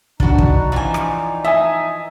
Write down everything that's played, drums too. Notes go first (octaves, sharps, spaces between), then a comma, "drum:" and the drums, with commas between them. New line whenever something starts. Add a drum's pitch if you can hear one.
D4 D#4 F#4 B4, drum: kick
drum: kick
E3 F3 C4 D5 G#5
drum: rim click
D#5 E5 G#5 A5